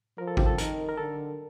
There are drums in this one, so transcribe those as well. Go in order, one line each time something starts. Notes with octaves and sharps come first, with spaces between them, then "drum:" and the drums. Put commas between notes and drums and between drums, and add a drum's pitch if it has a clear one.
F3 A#4
A4
G4, drum: kick G#1
A4
D#3 A#4, drum: hi-hat
A#4
D3 A4